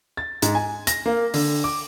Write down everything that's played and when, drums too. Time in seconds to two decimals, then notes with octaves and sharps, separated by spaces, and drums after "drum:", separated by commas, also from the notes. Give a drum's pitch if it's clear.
0.17 A6
0.42 G#2, drum: hi-hat
0.55 G#5
0.87 A#6, drum: hi-hat
1.06 A#3
1.34 D3, drum: open hi-hat
1.64 D6